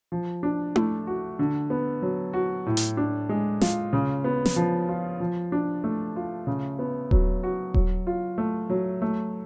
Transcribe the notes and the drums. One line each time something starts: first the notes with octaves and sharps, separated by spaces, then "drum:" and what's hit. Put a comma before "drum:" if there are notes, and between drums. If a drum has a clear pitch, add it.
F3
D4
A3, drum: tom E4
F#4
D3
B3
F#3
F#4
A2
drum: hi-hat
D4
G#3
F4, drum: snare
C#3
B3
drum: snare
F3
F4
F3
D4
A3
F4
C#3
B3
F#3, drum: kick D#1
F#4
F#3, drum: kick D#1
F4
A3
F#3
A3